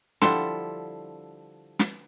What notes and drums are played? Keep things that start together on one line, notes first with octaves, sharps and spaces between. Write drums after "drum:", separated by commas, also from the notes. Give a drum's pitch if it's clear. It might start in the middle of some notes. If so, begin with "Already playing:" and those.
D3 F3 G3 E4 A4 F#5 C6, drum: snare
drum: snare